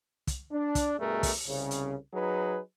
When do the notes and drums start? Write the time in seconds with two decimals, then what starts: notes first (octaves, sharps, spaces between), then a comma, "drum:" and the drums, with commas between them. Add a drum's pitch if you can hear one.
0.27 drum: kick, hi-hat
0.52 D4
0.75 drum: kick, hi-hat
0.99 G2 B2 A3 G#4 A#4
1.23 drum: kick, open hi-hat
1.47 C2 C#3
1.71 drum: hi-hat
2.14 F#3 D#4 G#4 B4